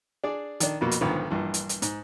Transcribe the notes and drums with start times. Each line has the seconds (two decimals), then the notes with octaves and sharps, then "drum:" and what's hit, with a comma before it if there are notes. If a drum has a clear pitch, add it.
0.24 D4 G#4 D5
0.60 D#3 D4, drum: hi-hat
0.81 F2 B2 A#3
0.91 drum: hi-hat
1.01 B1 G#2 D3 D#3 F3 B3
1.30 A#1 G2 E3
1.54 drum: hi-hat
1.69 drum: hi-hat
1.82 G#2, drum: hi-hat